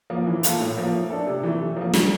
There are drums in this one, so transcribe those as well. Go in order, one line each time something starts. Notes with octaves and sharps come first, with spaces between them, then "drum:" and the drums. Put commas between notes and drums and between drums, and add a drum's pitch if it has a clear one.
F3 A#3
E3
A#3 F4 A4, drum: hi-hat
A2
F3 A#3
A3
D4 A4
C3
E3 A3
C3
F3 A#3
G3, drum: snare